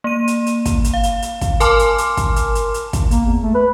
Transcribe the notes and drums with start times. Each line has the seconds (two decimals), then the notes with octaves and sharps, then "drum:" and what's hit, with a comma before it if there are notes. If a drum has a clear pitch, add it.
0.04 A#3 D#7
0.27 drum: hi-hat
0.46 drum: hi-hat
0.65 drum: kick, hi-hat
0.84 drum: hi-hat
0.94 F5
1.03 drum: hi-hat
1.22 drum: hi-hat
1.41 drum: kick, hi-hat
1.60 A#4 G#5 A5 C6 D6 F6, drum: hi-hat
1.79 drum: hi-hat
1.98 drum: hi-hat
2.17 drum: kick, hi-hat
2.36 drum: hi-hat
2.55 drum: hi-hat
2.74 drum: hi-hat
2.93 drum: kick, hi-hat
3.11 A#3, drum: hi-hat
3.25 E2
3.42 A3
3.55 B4